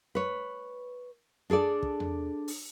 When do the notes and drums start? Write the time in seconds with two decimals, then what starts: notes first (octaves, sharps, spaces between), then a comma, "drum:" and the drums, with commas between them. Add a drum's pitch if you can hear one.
0.15 B4 C#5
1.50 D4 G#4 A4 D5
1.83 drum: kick
2.00 drum: tom E2
2.48 drum: open hi-hat